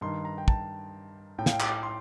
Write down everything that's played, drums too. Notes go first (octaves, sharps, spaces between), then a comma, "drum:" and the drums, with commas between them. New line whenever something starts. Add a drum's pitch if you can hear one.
G2 D#3 C6
A#5
G5
A5, drum: kick
A2 G5
F5, drum: snare
G5
D6, drum: clap
C6